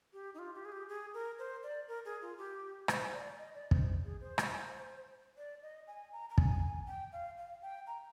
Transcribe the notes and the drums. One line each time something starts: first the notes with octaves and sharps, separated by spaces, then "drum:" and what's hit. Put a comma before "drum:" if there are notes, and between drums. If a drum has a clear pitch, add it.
G4
D#4
F4
G4
G#4
G4
G#4
A#4
C5
D5
A#4
G#4
F4
G4
C5, drum: rim click
D5
D#5
D5
C5, drum: kick
G#4
C5
drum: rim click
D5
D#5
G#5
A#5
A#5
G#5, drum: kick
G5
F5
F5
G5
A#5